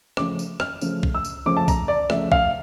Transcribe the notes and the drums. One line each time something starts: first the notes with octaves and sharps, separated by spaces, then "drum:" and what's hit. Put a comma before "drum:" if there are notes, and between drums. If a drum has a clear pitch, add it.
C#3 F3 A3 D6, drum: rim click
drum: tambourine
F6, drum: rim click
C#3 F3 A3, drum: tambourine
drum: kick B1
E6
drum: tambourine
C#3 F3 A3 D6
A5
A#5, drum: kick B1, tambourine
D5
C#3 F3 A3 E5, drum: rim click
F5, drum: kick B1